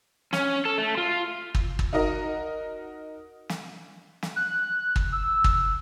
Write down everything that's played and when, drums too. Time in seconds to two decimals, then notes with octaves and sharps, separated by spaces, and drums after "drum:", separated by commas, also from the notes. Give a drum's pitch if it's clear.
0.33 C#4, drum: snare
0.65 A4
0.78 A3
0.97 F4
1.55 drum: kick
1.79 drum: kick
1.93 D#4 F#4 A#4 D#5
3.49 drum: snare
4.23 drum: snare
4.36 F#6
4.96 drum: kick
5.12 E6
5.44 drum: kick